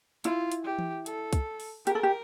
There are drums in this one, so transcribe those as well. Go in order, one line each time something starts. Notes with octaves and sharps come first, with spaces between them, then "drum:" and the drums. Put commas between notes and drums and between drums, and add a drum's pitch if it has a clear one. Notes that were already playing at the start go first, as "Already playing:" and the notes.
E4 F4, drum: hi-hat
drum: hi-hat
G4
drum: tom E3
A4, drum: hi-hat
drum: kick, hi-hat
drum: open hi-hat
G4 A#4, drum: hi-hat
A4
G4